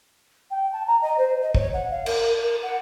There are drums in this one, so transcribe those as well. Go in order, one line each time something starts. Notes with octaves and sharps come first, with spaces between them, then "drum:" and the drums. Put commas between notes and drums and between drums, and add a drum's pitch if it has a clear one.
G5
A5
A#5
D#5
C5
D#5
C#5, drum: kick
F#5
F5
A#4, drum: cymbal
A#4
F#5